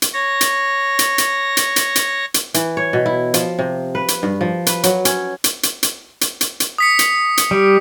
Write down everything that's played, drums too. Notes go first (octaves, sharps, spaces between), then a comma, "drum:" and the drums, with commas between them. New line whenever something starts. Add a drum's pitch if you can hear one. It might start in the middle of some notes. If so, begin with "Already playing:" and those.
drum: hi-hat
C#5 A#6
drum: hi-hat
drum: hi-hat
drum: hi-hat
drum: hi-hat
drum: hi-hat
drum: hi-hat
drum: hi-hat
E3, drum: hi-hat
C#5
B2
E4
F3, drum: hi-hat
C3
B4
drum: hi-hat
G2
F3
B4, drum: hi-hat
F#3, drum: hi-hat
C#4, drum: hi-hat
drum: hi-hat
drum: hi-hat
drum: hi-hat
drum: hi-hat
drum: hi-hat
drum: hi-hat
D#6 B6 C#7
drum: hi-hat
drum: hi-hat
G3